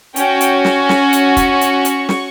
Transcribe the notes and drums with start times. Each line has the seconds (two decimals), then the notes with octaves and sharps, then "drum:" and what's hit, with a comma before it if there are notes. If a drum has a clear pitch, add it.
0.16 C#4 F#4 G5, drum: hi-hat
0.41 drum: hi-hat
0.65 drum: snare
0.89 F#5, drum: snare
1.13 drum: hi-hat
1.37 drum: kick, hi-hat
1.61 C#6, drum: hi-hat
1.85 drum: hi-hat
2.09 drum: snare